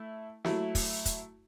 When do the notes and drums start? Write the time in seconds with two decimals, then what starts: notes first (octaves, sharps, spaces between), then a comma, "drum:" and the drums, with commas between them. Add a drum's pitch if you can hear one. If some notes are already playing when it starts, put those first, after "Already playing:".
Already playing: A3 E4
0.45 F#3 A3 E4, drum: snare
0.75 drum: kick, open hi-hat
1.05 drum: kick, hi-hat